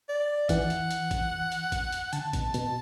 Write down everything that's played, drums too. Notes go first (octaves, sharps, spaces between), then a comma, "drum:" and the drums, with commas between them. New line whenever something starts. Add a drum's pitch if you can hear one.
D5
E3 F#5, drum: kick, hi-hat
drum: hi-hat
drum: hi-hat
drum: kick, hi-hat
drum: hi-hat
drum: kick, hi-hat
drum: hi-hat
D3 A5, drum: hi-hat
B2, drum: kick, hi-hat
B2, drum: hi-hat